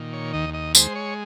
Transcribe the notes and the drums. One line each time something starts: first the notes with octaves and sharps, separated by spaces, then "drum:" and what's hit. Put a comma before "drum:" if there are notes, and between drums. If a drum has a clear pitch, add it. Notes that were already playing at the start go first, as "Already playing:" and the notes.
Already playing: A#2 D#3
C#5
D#2 D#5
D#5
G#3 C5, drum: tambourine
C#5